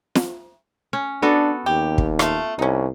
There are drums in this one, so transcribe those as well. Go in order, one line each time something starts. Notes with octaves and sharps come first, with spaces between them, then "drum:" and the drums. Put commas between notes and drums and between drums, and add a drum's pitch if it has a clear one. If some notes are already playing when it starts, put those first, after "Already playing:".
drum: snare
C#4
B3 D4 F#4 A4
D#2 G4
drum: kick
A3 F4 F5, drum: rim click
C2 C#4 D#4